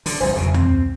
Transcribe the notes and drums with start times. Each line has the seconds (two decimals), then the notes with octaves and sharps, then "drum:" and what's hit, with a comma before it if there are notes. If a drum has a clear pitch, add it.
0.06 D3, drum: open hi-hat
0.20 F1 C2 F3 C5 G#5
0.36 F#1 F2 B2
0.54 C4, drum: tom D2